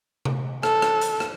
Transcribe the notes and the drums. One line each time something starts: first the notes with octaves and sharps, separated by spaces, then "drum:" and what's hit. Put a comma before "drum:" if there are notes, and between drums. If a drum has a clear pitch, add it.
drum: tom C3
A4, drum: rim click
drum: rim click
drum: hi-hat
drum: rim click